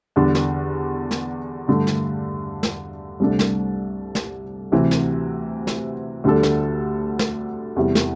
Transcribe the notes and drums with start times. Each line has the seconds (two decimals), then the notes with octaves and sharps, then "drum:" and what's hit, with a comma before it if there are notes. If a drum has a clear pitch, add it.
0.16 E2 D3 G3 D4
0.35 drum: snare
1.11 drum: snare
1.68 G2 D3 A3
1.87 drum: snare
2.63 drum: snare
3.20 C2 C3 A3 D4 A4
3.39 drum: snare
4.15 drum: snare
4.72 D2 C3 E3 C4
4.91 drum: snare
5.67 drum: snare
6.24 D2 D3 G3 D4 A4
6.43 drum: snare
7.19 drum: snare
7.76 E2 C3 G3 E4
7.95 drum: snare